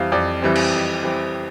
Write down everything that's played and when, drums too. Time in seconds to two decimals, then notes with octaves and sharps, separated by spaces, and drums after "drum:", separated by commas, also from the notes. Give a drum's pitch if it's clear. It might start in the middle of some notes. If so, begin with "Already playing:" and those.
Already playing: F2 E3 G3 C4 F5
0.12 F2 D5
0.42 E3 G3 C4
0.55 drum: cymbal
0.73 F2
1.03 E3 G3 C4